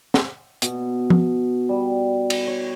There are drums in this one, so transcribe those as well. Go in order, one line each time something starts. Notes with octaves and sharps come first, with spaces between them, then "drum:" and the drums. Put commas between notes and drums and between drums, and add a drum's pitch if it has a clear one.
drum: snare
B2, drum: hi-hat
drum: tom F3
G3
drum: cymbal
C#5